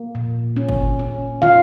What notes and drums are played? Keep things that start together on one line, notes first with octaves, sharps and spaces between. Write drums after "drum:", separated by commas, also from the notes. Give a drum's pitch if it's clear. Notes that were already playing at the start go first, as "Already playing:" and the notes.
Already playing: A#3
A#2
C#4
drum: kick
C#4
D#3 F4 F5